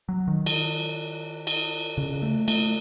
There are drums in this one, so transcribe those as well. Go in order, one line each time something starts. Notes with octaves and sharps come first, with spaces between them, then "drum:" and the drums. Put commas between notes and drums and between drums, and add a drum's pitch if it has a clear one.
F#3
D#3
drum: cymbal
drum: cymbal
C#3
A3
A3, drum: cymbal